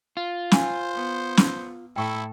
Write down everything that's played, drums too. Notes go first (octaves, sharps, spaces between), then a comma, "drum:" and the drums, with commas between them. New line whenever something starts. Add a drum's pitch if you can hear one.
F4
C5 F#5 G#5, drum: snare
B3
drum: snare
A2 E4 A4 G5 C#6